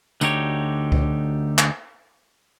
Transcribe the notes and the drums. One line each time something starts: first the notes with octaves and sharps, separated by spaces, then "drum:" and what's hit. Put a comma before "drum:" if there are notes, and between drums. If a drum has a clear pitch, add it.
D2 D3 D#4 F#4 G4 C#5, drum: tambourine
drum: kick C#2
drum: clap